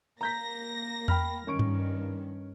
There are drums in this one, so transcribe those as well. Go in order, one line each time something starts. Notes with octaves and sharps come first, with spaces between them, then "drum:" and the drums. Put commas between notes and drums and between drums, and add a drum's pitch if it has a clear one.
A#3 A#5 G6 A#6 B6
G5 B5 F6, drum: tom E2
G2 D#3 C#4 C#6 D7
drum: tom G2